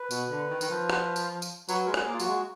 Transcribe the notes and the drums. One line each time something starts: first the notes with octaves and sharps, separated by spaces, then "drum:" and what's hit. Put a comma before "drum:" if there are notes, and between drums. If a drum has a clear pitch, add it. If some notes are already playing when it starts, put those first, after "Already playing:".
Already playing: B4
B2, drum: tambourine
D3
D#3
D#3, drum: tambourine
F3
drum: rim click
drum: tambourine
drum: tambourine
F#3 B4, drum: tambourine
G#3 A#4
G#4, drum: rim click
A#3
F4
F#3 F#4, drum: tambourine
G#3